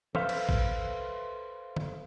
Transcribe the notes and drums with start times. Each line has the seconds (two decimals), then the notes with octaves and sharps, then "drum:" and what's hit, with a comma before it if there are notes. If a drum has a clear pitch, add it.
0.15 A4 B4 C5 E5 F5, drum: tom
0.29 drum: cymbal
0.49 drum: kick
1.77 drum: tom